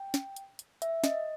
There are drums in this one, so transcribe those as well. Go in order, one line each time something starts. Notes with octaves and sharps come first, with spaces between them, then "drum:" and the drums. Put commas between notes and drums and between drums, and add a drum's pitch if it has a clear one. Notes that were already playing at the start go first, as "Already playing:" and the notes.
Already playing: G5
drum: snare
drum: hi-hat
drum: hi-hat
E5, drum: hi-hat
D#5, drum: snare